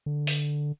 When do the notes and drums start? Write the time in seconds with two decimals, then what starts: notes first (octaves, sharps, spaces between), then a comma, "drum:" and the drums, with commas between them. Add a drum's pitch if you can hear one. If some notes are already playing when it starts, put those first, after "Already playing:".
0.06 D3
0.27 drum: open hi-hat